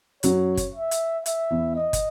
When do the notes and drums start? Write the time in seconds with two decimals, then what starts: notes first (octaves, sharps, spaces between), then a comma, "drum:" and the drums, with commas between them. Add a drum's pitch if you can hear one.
0.23 F#2 F#3 C#5, drum: hi-hat
0.57 drum: kick, hi-hat
0.74 E5
0.91 drum: hi-hat
1.26 E5, drum: hi-hat
1.50 E2 E3
1.75 D#5
1.93 drum: kick, hi-hat